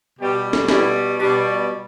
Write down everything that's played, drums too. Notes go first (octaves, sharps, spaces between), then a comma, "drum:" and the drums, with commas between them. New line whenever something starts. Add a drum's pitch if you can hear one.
B2 G3 G4
drum: snare
B2 G3 E4, drum: snare
B2 G3 D4